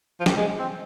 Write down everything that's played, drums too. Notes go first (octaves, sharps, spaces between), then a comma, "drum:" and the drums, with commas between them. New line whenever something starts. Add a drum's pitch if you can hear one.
F3
G3, drum: snare
G#3
C4